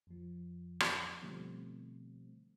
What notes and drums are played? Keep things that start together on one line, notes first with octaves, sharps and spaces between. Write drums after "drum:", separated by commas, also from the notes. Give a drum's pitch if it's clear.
F2 F3
drum: rim click
B2 D3 F3 G3 A3 C4